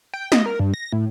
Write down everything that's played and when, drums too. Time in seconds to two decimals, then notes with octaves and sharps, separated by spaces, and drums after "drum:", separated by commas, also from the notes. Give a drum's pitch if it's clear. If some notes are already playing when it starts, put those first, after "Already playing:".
0.14 G5
0.32 D#5, drum: snare
0.46 A#4
0.59 G2
0.74 A#6
0.92 A2